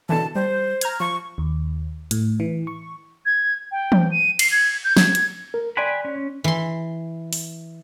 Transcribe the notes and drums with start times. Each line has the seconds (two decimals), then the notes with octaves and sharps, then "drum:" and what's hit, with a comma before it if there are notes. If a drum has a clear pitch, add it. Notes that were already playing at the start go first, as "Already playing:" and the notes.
0.09 B2 D3 E3 A5
0.35 G3 C5
0.81 A#5 F6 G#6, drum: hi-hat
1.00 F3 C#6
1.38 D#2
2.11 A2, drum: hi-hat
2.40 E3
2.67 C#6
3.26 G#6
3.72 G5
3.92 drum: tom E3
4.11 D#7
4.39 C7, drum: cymbal
4.51 G#6
4.84 G6
4.97 G#6, drum: snare
5.15 drum: hi-hat
5.54 A#4
5.77 D5 G5 G#5 B5 C6 F#6
6.05 C#4
6.44 E3 C6
7.33 drum: open hi-hat